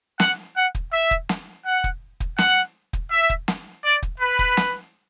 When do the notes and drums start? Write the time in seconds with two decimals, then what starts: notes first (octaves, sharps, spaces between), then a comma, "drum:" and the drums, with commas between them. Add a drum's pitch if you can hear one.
0.20 F#5, drum: snare
0.56 F#5
0.75 drum: kick
0.93 E5
1.11 drum: kick
1.29 drum: snare
1.66 F#5
1.84 drum: kick
2.20 drum: kick
2.38 F#5, drum: snare
2.93 drum: kick
3.11 E5
3.30 drum: kick
3.48 drum: snare
3.85 D5
4.03 drum: kick
4.20 B4
4.39 drum: kick
4.57 drum: snare